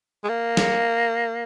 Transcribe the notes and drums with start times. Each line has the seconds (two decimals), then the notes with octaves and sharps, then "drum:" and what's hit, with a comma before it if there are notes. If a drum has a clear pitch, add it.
0.24 G#3
0.29 A#3
0.57 drum: snare